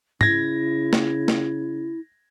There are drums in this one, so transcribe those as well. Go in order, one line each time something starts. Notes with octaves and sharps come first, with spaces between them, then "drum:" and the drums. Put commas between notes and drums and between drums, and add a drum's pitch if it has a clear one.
C#3 E4 G#6 A#6, drum: tom
drum: snare
drum: snare